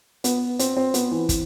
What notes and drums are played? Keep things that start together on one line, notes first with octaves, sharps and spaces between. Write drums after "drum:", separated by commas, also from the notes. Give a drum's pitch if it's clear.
B3, drum: hi-hat
C4, drum: hi-hat
C4
B3, drum: hi-hat
E3
drum: kick, hi-hat